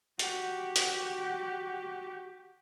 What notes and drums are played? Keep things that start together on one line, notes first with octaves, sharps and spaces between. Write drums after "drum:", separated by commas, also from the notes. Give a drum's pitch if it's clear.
F#4 G4, drum: hi-hat
drum: hi-hat